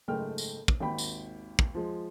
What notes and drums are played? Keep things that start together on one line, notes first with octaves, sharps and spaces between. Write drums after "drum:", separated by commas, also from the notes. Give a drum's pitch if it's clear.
F#1 G#2 G#3 A3 G5 F6
drum: tambourine
drum: kick
G#1 D#2 G5 B5
drum: tambourine
drum: kick
F3 G#3